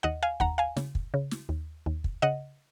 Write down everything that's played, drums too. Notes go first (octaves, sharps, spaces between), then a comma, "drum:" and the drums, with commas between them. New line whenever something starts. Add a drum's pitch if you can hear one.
D#2 D#5 F#5
F5 G#5
D#2 F#5 A#5, drum: kick
F5 G#5
C#3, drum: snare
drum: kick
C#3
drum: snare
D#2
D#2
drum: kick
C#3 D#5 F#5